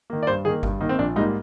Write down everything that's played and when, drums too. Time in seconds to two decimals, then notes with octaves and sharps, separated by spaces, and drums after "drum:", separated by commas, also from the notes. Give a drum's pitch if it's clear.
0.10 D#3 A#3
0.23 D5
0.27 G2 C5
0.45 D#3 A#3 G#4
0.63 G2, drum: kick G1
0.81 D#3 A#3 D#4
0.89 C4
0.99 A#1 D4
1.16 G#2 G3 A#3 D#4